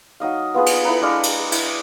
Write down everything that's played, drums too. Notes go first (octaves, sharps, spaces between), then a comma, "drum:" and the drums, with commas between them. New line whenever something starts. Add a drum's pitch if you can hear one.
F#3 D#4 D#5 F5
B3 F4 G#4 B4
drum: cymbal
E4 A4 B4 A#5
G#3 D4 D#5 F5
drum: cymbal
E4, drum: cymbal